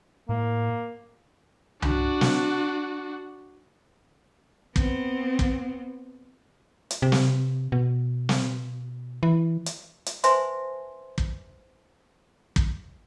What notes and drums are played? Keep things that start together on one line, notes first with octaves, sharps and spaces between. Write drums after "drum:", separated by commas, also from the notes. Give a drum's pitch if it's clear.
A2 A#3
D4 F#4, drum: tom C2
drum: snare
B3 C4, drum: kick
drum: kick
drum: hi-hat
C3
drum: snare
B2
drum: snare
E3
drum: hi-hat
drum: hi-hat
B4 C5 E5 G#5 A5 C6, drum: hi-hat
drum: kick
drum: kick